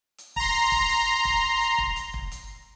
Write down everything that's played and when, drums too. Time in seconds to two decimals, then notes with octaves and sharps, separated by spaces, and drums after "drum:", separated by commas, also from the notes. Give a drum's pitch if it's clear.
0.18 drum: hi-hat
0.36 A#5 C6, drum: kick
0.54 drum: hi-hat
0.72 drum: kick
0.89 drum: hi-hat
1.25 drum: kick
1.60 drum: hi-hat
1.78 drum: kick
1.96 drum: hi-hat
2.14 drum: kick
2.32 drum: hi-hat